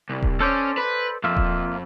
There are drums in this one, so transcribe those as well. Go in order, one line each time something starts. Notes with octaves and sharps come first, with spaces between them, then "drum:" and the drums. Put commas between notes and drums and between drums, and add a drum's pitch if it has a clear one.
C2
drum: kick D#1
C#4 A4 C5 D5
B4
F2 A#3 F4 E5
drum: kick D#1